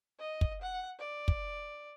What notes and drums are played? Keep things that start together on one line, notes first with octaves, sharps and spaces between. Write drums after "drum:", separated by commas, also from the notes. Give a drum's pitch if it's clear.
D#5
drum: kick
F#5
D5
drum: kick